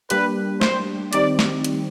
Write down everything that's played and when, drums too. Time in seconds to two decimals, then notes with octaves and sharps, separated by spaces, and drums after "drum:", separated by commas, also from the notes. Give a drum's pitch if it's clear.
0.10 G3 A#3 D4 G4 B4, drum: hi-hat
0.61 C5, drum: snare
1.13 D#3 G3 C4 D#4 G4 D5, drum: hi-hat
1.39 drum: snare
1.64 drum: hi-hat